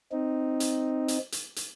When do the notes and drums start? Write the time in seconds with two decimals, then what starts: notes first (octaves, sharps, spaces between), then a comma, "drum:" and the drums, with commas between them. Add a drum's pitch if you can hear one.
0.12 C4 D#4
0.60 drum: hi-hat
1.08 drum: hi-hat
1.32 drum: hi-hat
1.56 drum: hi-hat